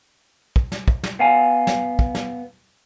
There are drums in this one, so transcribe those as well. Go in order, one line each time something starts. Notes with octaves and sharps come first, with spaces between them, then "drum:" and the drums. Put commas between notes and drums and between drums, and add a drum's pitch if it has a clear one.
drum: kick
drum: snare
drum: kick
drum: snare
B3 F5 G#5
drum: snare
drum: kick
drum: snare